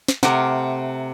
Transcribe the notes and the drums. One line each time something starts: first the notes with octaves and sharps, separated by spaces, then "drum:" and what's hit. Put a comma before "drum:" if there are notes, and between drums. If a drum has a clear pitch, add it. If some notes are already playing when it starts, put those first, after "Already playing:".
drum: snare
C3 A3 A#4 F#5 D6, drum: snare